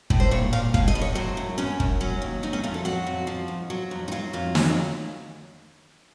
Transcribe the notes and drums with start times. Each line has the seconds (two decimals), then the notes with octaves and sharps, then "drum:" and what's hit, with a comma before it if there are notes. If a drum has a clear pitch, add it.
0.10 A2, drum: kick
0.20 C5
0.31 A#2 C#5
0.53 A#2 F5
0.74 A2 F5, drum: kick
0.88 D#5
0.95 A2
1.01 C#5
1.15 F#3 C5
1.37 F#2
1.58 F#2 C#4
1.80 F#2, drum: kick
2.01 F#3 C#4
2.22 D#2
2.43 F#3 D#4
2.53 C#4
2.63 F2 F4
2.74 A4
2.85 F#3 F#4
3.07 F2
3.27 F3
3.48 F2
3.70 F#3
3.91 F2
4.08 D#4
4.12 F#3 F4
4.33 F2 F4
4.55 F#3, drum: snare